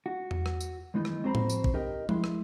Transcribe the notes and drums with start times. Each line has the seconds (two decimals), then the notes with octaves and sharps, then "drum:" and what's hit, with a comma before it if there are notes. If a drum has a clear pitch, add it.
0.06 F#4
0.31 drum: tom E2
0.46 drum: rim click
0.61 drum: tambourine
0.94 F#2 D#3 E3 G#3 B3 D#4
1.05 drum: rim click
1.23 F2 C4 F#4 C5 A#5 B5
1.35 drum: tom A2
1.50 drum: tambourine
1.64 drum: kick A#1
1.74 D#4 G4 A#4 D#5 G5
2.09 G#3 E4 E5 C6, drum: tom F3
2.24 drum: rim click